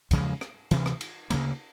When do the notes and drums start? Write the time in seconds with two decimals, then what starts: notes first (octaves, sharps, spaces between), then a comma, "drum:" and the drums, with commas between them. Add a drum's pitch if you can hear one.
0.11 E2 C#3 F3 G#3, drum: kick, cymbal
0.41 drum: rim click
0.71 D2 C3 E3, drum: cymbal
0.86 drum: rim click
1.01 drum: cymbal
1.30 D2 C#3 F#3 A#3, drum: cymbal